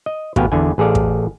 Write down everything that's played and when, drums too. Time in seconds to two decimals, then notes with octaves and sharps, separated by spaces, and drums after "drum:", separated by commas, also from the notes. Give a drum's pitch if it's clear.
0.06 D#5
0.36 A1 B2 B3 F5 G5 G#5, drum: kick
0.52 E2 D3 G#5
0.78 A1 G#4 A4 D5 F5
0.95 drum: kick